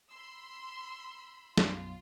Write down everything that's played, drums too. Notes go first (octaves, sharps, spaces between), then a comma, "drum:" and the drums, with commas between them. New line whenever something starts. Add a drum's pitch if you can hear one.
B5 C6 E6
B1 F#2 F4, drum: snare